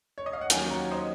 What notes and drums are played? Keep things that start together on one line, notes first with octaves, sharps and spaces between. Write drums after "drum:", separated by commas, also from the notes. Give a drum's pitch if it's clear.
C#5
D#5
F5
F#5
D#2 D#3 F#3 C#4 F5 G#5, drum: hi-hat
F#5 A#5
C5 D#5